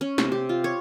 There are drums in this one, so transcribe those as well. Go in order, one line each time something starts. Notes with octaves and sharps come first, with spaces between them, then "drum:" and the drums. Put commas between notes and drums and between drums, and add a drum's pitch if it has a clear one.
C#4
C3, drum: snare
G4
F4
C#5